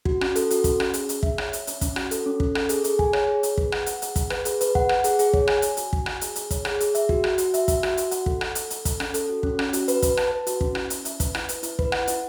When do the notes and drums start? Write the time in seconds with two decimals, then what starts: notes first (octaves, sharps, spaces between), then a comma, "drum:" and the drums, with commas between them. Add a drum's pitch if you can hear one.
0.05 F#4, drum: kick
0.21 C#4, drum: rim click
0.36 A4, drum: hi-hat
0.51 F#4, drum: hi-hat
0.64 C#4, drum: kick, hi-hat
0.80 C#4, drum: rim click
0.94 G#4, drum: hi-hat
1.09 G#4, drum: hi-hat
1.23 E5, drum: kick
1.38 C#5, drum: rim click
1.53 E5, drum: hi-hat
1.67 C#4, drum: hi-hat
1.81 C#4, drum: kick, hi-hat
1.96 F#4, drum: rim click
2.11 A4, drum: hi-hat
2.26 C#4
2.40 C#4, drum: kick
2.55 A4, drum: rim click
2.69 G#4, drum: hi-hat
2.84 G#4, drum: hi-hat
2.99 G#5, drum: kick
3.13 C#5, drum: rim click
3.28 G#4
3.43 G#4, drum: hi-hat
3.57 B4, drum: kick
3.72 F#5, drum: rim click
3.86 F#5, drum: hi-hat
4.02 G#4, drum: hi-hat
4.16 F#5, drum: kick, hi-hat
4.30 B4, drum: rim click
4.45 G#4, drum: hi-hat
4.61 B4, drum: hi-hat
4.75 F#5, drum: kick
4.89 F#5, drum: rim click
5.04 G#4, drum: hi-hat
5.19 G#4, drum: hi-hat
5.33 C#5, drum: kick
5.47 G#5, drum: rim click
5.62 G#5, drum: hi-hat
5.77 F#4, drum: hi-hat
5.93 F#4, drum: kick
6.06 G#5, drum: rim click
6.21 G#4, drum: hi-hat
6.36 G#4, drum: hi-hat
6.50 C#5, drum: kick, hi-hat
6.65 G#4, drum: rim click
6.80 G#4, drum: hi-hat
6.95 E5, drum: hi-hat
7.09 F#4, drum: kick
7.24 F#4, drum: rim click
7.38 F#4, drum: hi-hat
7.54 E5, drum: hi-hat
7.68 E5, drum: kick, hi-hat
7.83 F#4, drum: rim click
7.97 F#4, drum: hi-hat
8.11 F#5, drum: hi-hat
8.26 A4, drum: kick
8.41 F#5, drum: rim click
8.55 A4, drum: hi-hat
8.70 A4, drum: hi-hat
8.85 A4, drum: kick, hi-hat
9.00 C#4, drum: rim click
9.14 A4, drum: hi-hat
9.29 F#4
9.43 C#4, drum: kick
9.59 C#4, drum: rim click
9.73 F#4, drum: hi-hat
9.88 B4, drum: hi-hat
10.02 B4, drum: kick, hi-hat
10.17 A5, drum: rim click
10.31 B4
10.47 F#4, drum: hi-hat
10.61 C#4, drum: kick
10.75 E4, drum: rim click
10.90 C#4, drum: hi-hat
11.05 E5, drum: hi-hat
11.20 B4, drum: kick, hi-hat
11.35 E4, drum: rim click
11.49 B4, drum: hi-hat
11.63 E4, drum: hi-hat
11.79 B4, drum: kick
11.92 F#5, drum: rim click
12.07 E4, drum: hi-hat